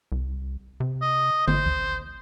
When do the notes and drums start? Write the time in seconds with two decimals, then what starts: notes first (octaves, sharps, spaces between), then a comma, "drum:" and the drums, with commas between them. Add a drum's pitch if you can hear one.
0.12 C2
0.80 C3
1.02 D#5
1.47 G#1 C5, drum: tom D3
1.66 drum: kick C#2